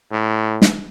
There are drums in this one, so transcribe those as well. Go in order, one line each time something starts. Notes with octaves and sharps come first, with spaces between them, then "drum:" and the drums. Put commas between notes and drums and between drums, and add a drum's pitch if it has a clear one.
A2
drum: snare